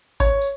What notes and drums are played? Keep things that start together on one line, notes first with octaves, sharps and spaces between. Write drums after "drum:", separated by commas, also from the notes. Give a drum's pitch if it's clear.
C#5, drum: kick G#1, tambourine
drum: tambourine